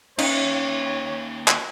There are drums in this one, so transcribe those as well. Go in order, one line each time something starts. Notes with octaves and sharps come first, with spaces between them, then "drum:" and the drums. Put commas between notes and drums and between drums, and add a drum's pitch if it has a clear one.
D#2 C#4 D#4 G4 C#5, drum: cymbal
drum: clap